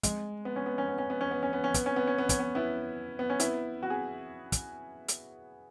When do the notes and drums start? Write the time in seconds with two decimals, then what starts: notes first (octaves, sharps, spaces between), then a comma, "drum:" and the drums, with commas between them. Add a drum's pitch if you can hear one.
0.03 G#3, drum: kick, hi-hat
0.45 B3
0.56 C#4
0.66 B3
0.78 C#4
0.88 B3
0.98 C#4
1.10 B3
1.21 C#4
1.31 B3
1.43 C#4
1.53 B3
1.64 C#4
1.74 B3, drum: kick, hi-hat
1.86 C#4
1.96 B3
2.07 C#4
2.18 B3
2.29 C#4, drum: kick, hi-hat
2.39 B3
2.55 B3 E4
3.19 B3
3.30 C#4
3.40 B3 E4, drum: hi-hat
3.83 F#4
3.90 G#4
4.52 drum: kick, hi-hat
5.08 drum: hi-hat